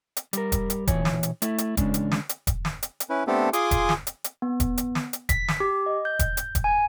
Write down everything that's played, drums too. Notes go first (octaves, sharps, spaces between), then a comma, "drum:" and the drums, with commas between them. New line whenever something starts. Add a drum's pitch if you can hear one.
drum: hi-hat
G3 A#4, drum: hi-hat
drum: kick E1, hi-hat
drum: hi-hat
B1 A#2 E3 C#5 G#5, drum: kick E1, hi-hat
drum: snare
drum: hi-hat
A3 E4, drum: hi-hat
drum: hi-hat
E2 C#3 G#3 C#4 D4, drum: kick E1, hi-hat
drum: hi-hat
drum: snare
drum: hi-hat
drum: kick E1, hi-hat
drum: snare
drum: hi-hat
drum: hi-hat
C#4 E4 B4
A3 B3 C4 D4 G4 A4
F4 G#4 G#5 C6 D6 D#6, drum: hi-hat
drum: kick E1, hi-hat
drum: snare
drum: hi-hat
drum: hi-hat
B3
drum: kick E1, hi-hat
drum: hi-hat
drum: snare
drum: hi-hat
B6, drum: kick E1, hi-hat
drum: snare
G4
D#5
G6
drum: kick E1, hi-hat
drum: hi-hat
drum: kick E1, hi-hat
G#5